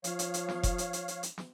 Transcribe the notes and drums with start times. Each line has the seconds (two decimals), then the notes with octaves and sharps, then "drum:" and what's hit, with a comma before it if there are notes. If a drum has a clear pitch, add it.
0.04 F3 C#5 F5, drum: hi-hat
0.19 drum: hi-hat
0.34 drum: hi-hat
0.49 drum: snare
0.63 drum: kick F1, hi-hat
0.78 drum: hi-hat
0.93 drum: hi-hat
1.08 drum: hi-hat
1.23 drum: hi-hat
1.38 drum: snare